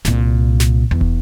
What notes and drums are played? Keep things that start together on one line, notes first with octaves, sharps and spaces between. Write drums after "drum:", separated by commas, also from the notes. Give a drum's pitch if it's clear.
C2 A#2, drum: snare
drum: snare
E2
drum: kick